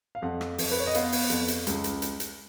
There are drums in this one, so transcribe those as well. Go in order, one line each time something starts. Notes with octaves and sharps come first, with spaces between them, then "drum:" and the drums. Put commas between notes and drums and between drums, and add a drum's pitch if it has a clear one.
F5
F2 F#5
drum: rim click
F2, drum: open hi-hat
B4
C#5
D#5
B3 F5, drum: hi-hat
drum: open hi-hat
F2, drum: hi-hat
drum: hi-hat
C#2, drum: hi-hat
drum: hi-hat
drum: hi-hat
drum: hi-hat